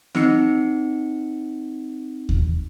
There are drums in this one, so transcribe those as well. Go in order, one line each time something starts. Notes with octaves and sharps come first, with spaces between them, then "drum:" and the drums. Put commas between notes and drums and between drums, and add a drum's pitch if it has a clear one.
C4 D#4 C#7, drum: snare
drum: kick D#2